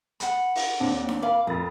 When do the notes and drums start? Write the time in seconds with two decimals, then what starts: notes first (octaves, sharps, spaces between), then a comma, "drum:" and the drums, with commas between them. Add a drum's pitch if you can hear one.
0.20 F#5 B5, drum: hi-hat
0.55 drum: open hi-hat
0.80 D#2 C4 D4
1.09 drum: snare D#4
1.22 A#4 F5 B5 D6
1.47 F2 A#5 B5 A6